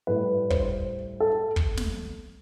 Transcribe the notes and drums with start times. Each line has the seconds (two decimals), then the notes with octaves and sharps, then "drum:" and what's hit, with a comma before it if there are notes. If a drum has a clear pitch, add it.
0.07 A2 G3 B4
0.50 C5, drum: kick
1.20 A4
1.56 drum: kick
1.77 drum: snare